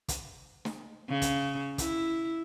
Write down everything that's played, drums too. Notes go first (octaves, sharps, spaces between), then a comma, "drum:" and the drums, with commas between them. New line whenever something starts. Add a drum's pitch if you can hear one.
drum: kick, hi-hat
drum: snare
C#3
drum: kick, hi-hat
E4, drum: kick, hi-hat